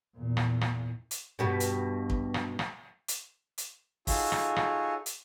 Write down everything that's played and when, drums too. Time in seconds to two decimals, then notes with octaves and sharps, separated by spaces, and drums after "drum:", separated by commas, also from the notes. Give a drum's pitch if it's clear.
0.16 E2 A#2
0.37 drum: rim click
0.61 drum: rim click
1.11 drum: hi-hat
1.39 G2 B2 B3
1.60 drum: hi-hat
2.10 drum: kick
2.34 drum: rim click
2.59 drum: rim click
3.08 drum: hi-hat
3.58 drum: hi-hat
4.07 D#4 F4 F#4 G#4 A4 C#5, drum: kick, open hi-hat
4.32 drum: rim click
4.56 drum: rim click
5.06 drum: hi-hat